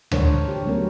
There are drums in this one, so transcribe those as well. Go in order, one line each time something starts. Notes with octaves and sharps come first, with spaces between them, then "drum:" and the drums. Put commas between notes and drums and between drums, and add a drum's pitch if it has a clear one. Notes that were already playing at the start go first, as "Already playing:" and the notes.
D3 D4 A#4 C5 C#5, drum: tom D2
G4
F#3 A3 B3 C#4 D4 A#4